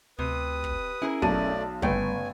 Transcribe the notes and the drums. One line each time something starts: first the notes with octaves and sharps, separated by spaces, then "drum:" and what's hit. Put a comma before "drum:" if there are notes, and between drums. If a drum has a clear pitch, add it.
D2 C3 B4 D#6
drum: kick
C#4 E4 G#4 A#4
B1 A3 D5 A5 D#7, drum: kick
G1 C#3 G3 A3 B3 G5 G#5, drum: kick